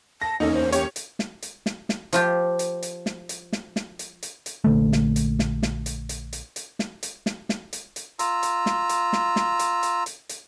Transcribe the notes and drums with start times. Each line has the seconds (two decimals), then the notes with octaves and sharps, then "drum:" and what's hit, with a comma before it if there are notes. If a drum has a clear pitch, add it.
0.22 A5 A#6
0.40 E2 A#3 C#4 D#4 A4
0.53 C5
0.72 G4 C#5, drum: hi-hat
0.96 drum: hi-hat
1.19 drum: snare
1.42 drum: hi-hat
1.66 drum: snare
1.89 drum: snare
2.13 F3 F4 G4, drum: hi-hat
2.59 drum: hi-hat
2.83 drum: hi-hat
3.06 drum: snare
3.29 drum: hi-hat
3.53 drum: snare
3.76 drum: snare
3.99 drum: hi-hat
4.23 drum: hi-hat
4.46 drum: hi-hat
4.64 A#1 D3 A3
4.93 drum: snare
5.16 drum: hi-hat
5.39 drum: snare
5.63 drum: snare
5.86 drum: hi-hat
6.09 drum: hi-hat
6.33 drum: hi-hat
6.56 drum: hi-hat
6.79 drum: snare
7.03 drum: hi-hat
7.26 drum: snare
7.49 drum: snare
7.73 drum: hi-hat
7.96 drum: hi-hat
8.19 F4 A#5 E6, drum: hi-hat
8.43 drum: hi-hat
8.66 drum: snare
8.89 drum: hi-hat
9.13 drum: snare
9.36 drum: snare
9.59 drum: hi-hat
9.83 drum: hi-hat
10.06 drum: hi-hat
10.29 drum: hi-hat